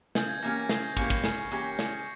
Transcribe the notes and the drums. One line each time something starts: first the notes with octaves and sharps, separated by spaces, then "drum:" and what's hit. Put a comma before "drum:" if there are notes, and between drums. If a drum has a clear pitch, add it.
C#3 G6, drum: snare
G#6
E3 A#3 C#4 G4 A#6
A#6
C#3 C7, drum: snare
E3 A#3 C#4 G4 C#6 C#7, drum: kick
drum: kick
C#3 C7, drum: snare
E3 A#3 C#4 G4 G#6
C#3, drum: snare